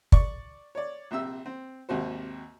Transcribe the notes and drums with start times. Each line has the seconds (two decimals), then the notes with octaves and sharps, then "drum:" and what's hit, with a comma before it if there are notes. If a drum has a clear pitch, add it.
0.12 D5 C#6 D6, drum: kick
0.75 C#5 D5
1.11 A#1 C3 E5 E6
1.46 C4
1.89 G#1 D#2 C3 F#4 C5